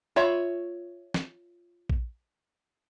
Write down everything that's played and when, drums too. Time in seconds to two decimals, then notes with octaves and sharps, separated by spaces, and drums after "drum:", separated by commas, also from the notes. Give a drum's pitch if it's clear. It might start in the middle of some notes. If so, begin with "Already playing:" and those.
0.16 F4 C#5 E5 B5
1.14 drum: snare
1.90 drum: kick